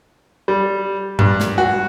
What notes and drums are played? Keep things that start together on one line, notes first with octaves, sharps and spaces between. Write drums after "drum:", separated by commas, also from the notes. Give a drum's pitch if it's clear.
G3
G2, drum: tom G2
drum: snare
F#4